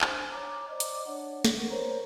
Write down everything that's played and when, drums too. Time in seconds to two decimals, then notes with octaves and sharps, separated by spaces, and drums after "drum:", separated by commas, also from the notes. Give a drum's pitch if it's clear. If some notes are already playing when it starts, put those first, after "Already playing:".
0.01 D4 C5 G#5, drum: clap
0.32 C#5 A#5 D6
0.69 C5 D5 D#5 D6
0.80 drum: hi-hat
1.06 D4 C#5 D5 F#5
1.45 drum: snare
1.57 A#4 F#5 C#6
1.71 A#4 C5 C#5 A#5